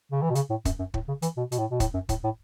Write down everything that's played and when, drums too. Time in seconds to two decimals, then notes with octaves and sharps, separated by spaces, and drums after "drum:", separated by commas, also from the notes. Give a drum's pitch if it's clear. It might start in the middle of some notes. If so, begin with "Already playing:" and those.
0.12 C#3
0.22 E3
0.30 B2
0.35 C#3, drum: hi-hat
0.50 A2
0.65 F#2, drum: kick, hi-hat
0.79 F#2
0.94 A2, drum: kick
1.08 C#3
1.22 E3, drum: hi-hat
1.37 B2
1.52 B2, drum: hi-hat
1.59 A2
1.71 B2
1.80 A2, drum: kick, hi-hat
1.94 F#2
2.09 A2, drum: kick, hi-hat
2.24 A2